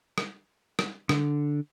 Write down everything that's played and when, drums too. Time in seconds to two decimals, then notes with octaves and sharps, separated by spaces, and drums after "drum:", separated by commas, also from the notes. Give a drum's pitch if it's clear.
0.18 drum: rim click
0.79 drum: rim click
1.09 D3, drum: rim click